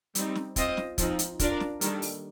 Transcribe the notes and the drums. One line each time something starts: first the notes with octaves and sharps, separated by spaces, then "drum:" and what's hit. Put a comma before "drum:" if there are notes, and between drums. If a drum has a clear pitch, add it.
G3 C4 D#4, drum: hi-hat
drum: snare
C4 F4 C5 D#5, drum: kick, hi-hat
drum: snare
F3 C4 D#4, drum: kick, hi-hat
drum: hi-hat
D4 F4 A#4 D5, drum: kick, hi-hat
drum: snare
D#3 G3 A#3 D4 A4, drum: hi-hat
drum: open hi-hat